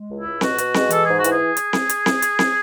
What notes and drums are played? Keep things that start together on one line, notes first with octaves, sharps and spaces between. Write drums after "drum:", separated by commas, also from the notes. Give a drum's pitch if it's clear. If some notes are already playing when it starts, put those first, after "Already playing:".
Already playing: G#3
C#2
E4
C#2
B2 F#4, drum: snare C4
B2, drum: hi-hat
G#3, drum: snare C4
E3 A4, drum: hi-hat
G#2 G#4
F#4
E3, drum: hi-hat
G#4
drum: hi-hat
drum: snare C4
drum: hi-hat
drum: snare C4
drum: hi-hat
drum: snare C4